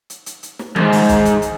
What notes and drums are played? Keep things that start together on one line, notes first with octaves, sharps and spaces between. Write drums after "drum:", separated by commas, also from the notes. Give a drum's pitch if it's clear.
drum: hi-hat
drum: hi-hat
drum: hi-hat
drum: snare
C2 G#2, drum: tom D#3
drum: open hi-hat
drum: kick, hi-hat
drum: hi-hat
drum: hi-hat